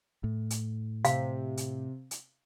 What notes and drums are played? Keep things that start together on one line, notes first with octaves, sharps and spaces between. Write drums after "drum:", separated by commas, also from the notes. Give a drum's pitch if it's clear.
A2
drum: hi-hat
C3 F5, drum: hi-hat
drum: hi-hat
drum: hi-hat